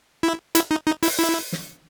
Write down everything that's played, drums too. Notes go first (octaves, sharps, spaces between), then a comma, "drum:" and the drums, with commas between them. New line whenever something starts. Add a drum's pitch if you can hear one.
E4
E4, drum: hi-hat
D#4
D#4
E4, drum: open hi-hat
E4
drum: snare